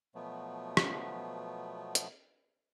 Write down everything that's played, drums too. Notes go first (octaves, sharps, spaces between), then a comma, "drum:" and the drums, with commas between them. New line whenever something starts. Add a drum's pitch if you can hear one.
B2 F3 F#3 A3 B3
drum: rim click
drum: hi-hat